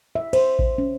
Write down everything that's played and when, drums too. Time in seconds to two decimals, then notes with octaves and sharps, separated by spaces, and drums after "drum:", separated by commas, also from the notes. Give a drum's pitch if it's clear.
0.15 E5
0.33 C5, drum: cymbal
0.59 drum: kick A1
0.78 C#4